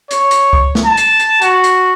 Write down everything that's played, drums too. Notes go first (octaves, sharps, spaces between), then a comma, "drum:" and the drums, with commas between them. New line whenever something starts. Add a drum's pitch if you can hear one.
C#5, drum: hi-hat
drum: hi-hat
drum: kick C2
drum: snare
A5
drum: hi-hat
drum: hi-hat
F#4, drum: hi-hat
drum: hi-hat